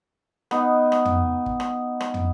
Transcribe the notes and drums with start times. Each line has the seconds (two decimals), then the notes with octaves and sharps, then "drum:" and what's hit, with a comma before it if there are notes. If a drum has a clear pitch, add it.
0.51 B3 D#4, drum: rim click
0.92 drum: rim click
1.05 drum: tom
1.46 drum: kick
1.60 drum: rim click
2.00 drum: rim click
2.14 drum: tom